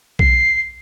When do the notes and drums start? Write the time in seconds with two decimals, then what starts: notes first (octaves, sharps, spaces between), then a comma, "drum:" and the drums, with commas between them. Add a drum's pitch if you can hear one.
0.19 C7, drum: kick B1